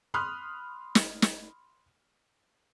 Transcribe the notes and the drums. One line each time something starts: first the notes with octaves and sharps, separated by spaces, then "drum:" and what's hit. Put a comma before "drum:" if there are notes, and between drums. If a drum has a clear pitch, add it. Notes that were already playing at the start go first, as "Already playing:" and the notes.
B5 C6 D#6 F6 F#6
drum: snare
drum: snare